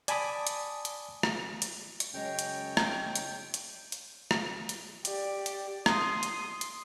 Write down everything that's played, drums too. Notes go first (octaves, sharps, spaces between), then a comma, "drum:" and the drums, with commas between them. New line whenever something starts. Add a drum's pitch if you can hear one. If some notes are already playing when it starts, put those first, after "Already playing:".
D5 G#5 A5 B5 D6 D#6, drum: hi-hat
drum: hi-hat
drum: hi-hat
drum: rim click
drum: hi-hat
drum: hi-hat
F#2 C#3 G#3 C#5 G5
drum: hi-hat
drum: rim click
drum: hi-hat
drum: hi-hat
drum: hi-hat
drum: rim click
drum: hi-hat
G4 D5, drum: hi-hat
drum: hi-hat
C6 D#6, drum: rim click
drum: hi-hat
drum: hi-hat